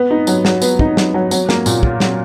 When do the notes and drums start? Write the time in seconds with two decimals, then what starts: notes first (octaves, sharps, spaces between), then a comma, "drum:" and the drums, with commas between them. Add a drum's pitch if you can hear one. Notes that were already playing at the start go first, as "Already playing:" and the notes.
Already playing: B3
0.11 D#4
0.27 F#3, drum: tambourine
0.45 F#3, drum: snare
0.62 B3, drum: tambourine
0.79 D#4, drum: kick
0.97 F#3, drum: snare
1.14 F#3
1.31 F#3, drum: tambourine
1.49 A#3, drum: snare
1.66 A#2, drum: tambourine
1.83 F4, drum: kick
2.00 F#3, drum: snare